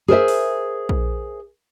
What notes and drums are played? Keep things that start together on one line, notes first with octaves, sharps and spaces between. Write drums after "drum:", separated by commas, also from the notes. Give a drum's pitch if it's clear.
G#4 A#4 C5 E5
drum: open hi-hat
drum: kick A#1